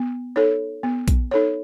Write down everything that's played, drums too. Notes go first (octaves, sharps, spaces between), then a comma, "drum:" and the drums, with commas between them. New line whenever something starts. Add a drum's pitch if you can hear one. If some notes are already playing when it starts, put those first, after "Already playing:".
Already playing: B3
D#4 A4 C#5
B3
drum: kick A#1, hi-hat
D#4 A4 C#5